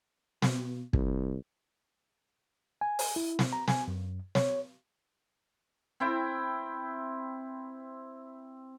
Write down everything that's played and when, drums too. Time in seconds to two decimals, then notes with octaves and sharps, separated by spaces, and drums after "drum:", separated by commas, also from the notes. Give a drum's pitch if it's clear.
0.42 B2, drum: snare
0.93 C2, drum: kick
2.81 G#5
2.99 drum: open hi-hat
3.16 E4
3.39 drum: snare
3.53 A#5
3.68 G#5, drum: snare
3.88 F#2
4.35 C#5, drum: snare
6.00 C4 E4 G5